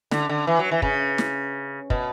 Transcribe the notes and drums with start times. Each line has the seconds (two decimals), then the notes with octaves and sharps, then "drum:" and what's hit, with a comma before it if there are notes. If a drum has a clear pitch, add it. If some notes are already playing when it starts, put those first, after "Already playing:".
0.11 D3, drum: snare
0.29 D3
0.47 E3
0.59 F#3
0.71 E3
0.82 C#3, drum: kick
1.18 drum: snare
1.90 B2, drum: kick